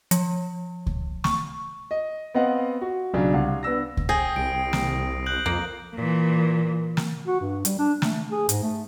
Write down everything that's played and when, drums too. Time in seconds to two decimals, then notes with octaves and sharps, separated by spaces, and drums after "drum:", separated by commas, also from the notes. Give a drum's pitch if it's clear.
0.11 F3, drum: hi-hat
0.86 drum: kick C#2
1.24 C#6, drum: snare
1.91 D#5
2.34 B3 C4 D#5 F5 F#5
2.82 F#4
3.14 B1 C#3 F#3 D4
3.33 C2 F5 F#5
3.63 B3 D4 E6 A#6
3.97 drum: kick C#2
4.09 G#4 G5 D#6 A#6 C7
4.36 C2 D7
4.73 drum: snare
5.26 F#6 G6 F#7
5.46 F2 A#3
5.95 A#2 E3
6.97 drum: snare
7.28 F#4
7.41 G2
7.65 G3, drum: hi-hat
7.79 D4
8.02 A3, drum: snare
8.32 G#4
8.49 G#2, drum: hi-hat
8.63 A3